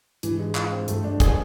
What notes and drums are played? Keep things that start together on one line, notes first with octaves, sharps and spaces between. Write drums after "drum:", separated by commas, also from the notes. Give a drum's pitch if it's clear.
G#2 E3, drum: hi-hat
G#3
F4, drum: clap
C4
G2 A3, drum: hi-hat
D4
G#4, drum: kick, hi-hat